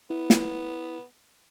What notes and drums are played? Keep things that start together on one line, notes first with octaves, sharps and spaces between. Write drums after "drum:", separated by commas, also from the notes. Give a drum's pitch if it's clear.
B3 E4
drum: snare